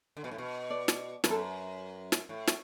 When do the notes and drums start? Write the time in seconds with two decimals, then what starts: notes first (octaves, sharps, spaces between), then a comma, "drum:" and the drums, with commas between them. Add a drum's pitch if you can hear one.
0.17 D3
0.24 B2
0.31 A2
0.38 B2
0.70 D5
0.88 drum: snare
1.24 F#2 B4, drum: snare
1.31 A4
1.38 B4
2.12 drum: snare
2.29 A2
2.47 drum: snare